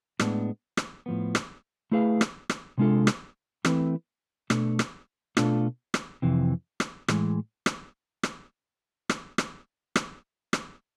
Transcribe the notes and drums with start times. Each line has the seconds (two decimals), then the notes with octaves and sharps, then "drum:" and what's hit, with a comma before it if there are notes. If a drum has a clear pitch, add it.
0.19 A2 G#3 B3 D4, drum: rim click
0.77 drum: rim click
1.06 A2 F3 B3
1.35 drum: rim click
1.92 A3 E4 G#4 B4 F5
2.21 drum: rim click
2.49 drum: rim click
2.78 C3 G#3 D4 F4 A4
3.07 drum: rim click
3.65 E3 A3 C4 E4 B4, drum: rim click
4.50 B2 A3 D4, drum: rim click
4.79 drum: rim click
5.37 B2 A3 D4 F4 A4, drum: rim click
5.94 drum: rim click
6.22 F2 C3 E3
6.80 drum: rim click
7.08 A2 E3 G#3, drum: rim click
7.66 drum: rim click
8.23 drum: rim click
9.09 drum: rim click
9.38 drum: rim click
9.96 drum: rim click
10.53 drum: rim click